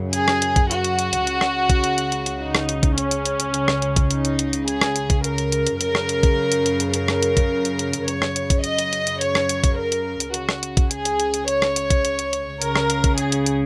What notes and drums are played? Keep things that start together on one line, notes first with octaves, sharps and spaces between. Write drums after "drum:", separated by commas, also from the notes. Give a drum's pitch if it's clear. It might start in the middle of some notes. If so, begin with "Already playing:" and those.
Already playing: F#2 C#3
G#4, drum: hi-hat
drum: rim click
drum: hi-hat
drum: kick A#1, hi-hat
F#4, drum: hi-hat
drum: hi-hat
drum: hi-hat
drum: hi-hat
C#2 C#3, drum: hi-hat
drum: rim click
drum: kick A#1, hi-hat
drum: hi-hat
drum: hi-hat
drum: hi-hat
drum: hi-hat
D#4
drum: rim click
drum: hi-hat
drum: kick A#1, hi-hat
C#4, drum: hi-hat
drum: hi-hat
drum: hi-hat
drum: hi-hat
C#2 C#3, drum: hi-hat
drum: rim click
drum: hi-hat
drum: kick A#1, hi-hat
D#4, drum: hi-hat
drum: hi-hat
drum: hi-hat
drum: hi-hat
G#4, drum: hi-hat
drum: rim click
drum: hi-hat
drum: kick A#1, hi-hat
A#4, drum: hi-hat
drum: hi-hat
drum: hi-hat
drum: hi-hat
F#2 C#3 A#4, drum: hi-hat
drum: rim click
drum: hi-hat
drum: kick A#1, hi-hat
drum: hi-hat
drum: hi-hat
drum: hi-hat
A#4, drum: hi-hat
drum: rim click
drum: hi-hat
drum: kick A#1, hi-hat
drum: hi-hat
drum: hi-hat
drum: hi-hat
F#2 C#3 C#5, drum: hi-hat
drum: rim click
drum: hi-hat
drum: kick A#1, hi-hat
D#5, drum: hi-hat
drum: hi-hat
drum: hi-hat
drum: hi-hat
C#5, drum: hi-hat
drum: rim click
drum: hi-hat
drum: kick A#1, hi-hat
A#4
drum: hi-hat
drum: hi-hat
C#2 C#3 F#4, drum: hi-hat
drum: rim click
drum: hi-hat
drum: kick A#1, hi-hat
G#4, drum: hi-hat
drum: hi-hat
drum: hi-hat
drum: hi-hat
C#5, drum: hi-hat
drum: rim click
drum: hi-hat
drum: kick A#1, hi-hat
drum: hi-hat
drum: hi-hat
drum: hi-hat
C#2 C#3 A#4, drum: hi-hat
drum: rim click
drum: hi-hat
drum: kick A#1, hi-hat
G#4, drum: hi-hat
drum: hi-hat
drum: hi-hat